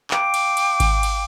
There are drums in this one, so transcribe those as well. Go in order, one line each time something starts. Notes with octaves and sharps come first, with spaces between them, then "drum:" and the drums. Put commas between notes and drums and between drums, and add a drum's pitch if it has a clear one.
F5 G5 D6, drum: clap
drum: cymbal
drum: cymbal
drum: kick G#1, cymbal
drum: cymbal